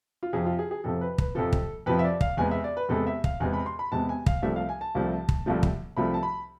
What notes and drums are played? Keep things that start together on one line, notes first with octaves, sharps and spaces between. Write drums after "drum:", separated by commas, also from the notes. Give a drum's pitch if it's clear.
F4
F2 C3 F3 G#4
F4
G#4
G#4
F2 C3 F3 A4
B4
B4, drum: kick
F2 C3 F3 A4
drum: kick
F2 C3 F3 B4
E5
D5
F5, drum: kick
E2 C3 G#3 B3 G#5
E5
D5
B4
E2 C3 G#3 B3 A4
E5
F5, drum: kick
E2 C3 G#3 B3 G#5
B5
C6
B5
E2 C3 G#3 B3 A5
G#5
F5, drum: kick
C2 C3 F3 A3 E5
F5
G#5
A5
C2 C3 F3 A3
drum: kick
C2 C3 F3 A3
drum: kick
C2 C3 F3 A3 B5
A5
B5